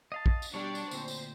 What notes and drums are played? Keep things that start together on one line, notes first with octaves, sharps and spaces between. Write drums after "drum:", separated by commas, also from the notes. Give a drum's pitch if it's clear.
D#5 F5 A5
drum: kick
drum: tambourine
B2 G3 D4 G4 C#5
drum: tambourine
D2 A#2 C4 C5, drum: tambourine
drum: tambourine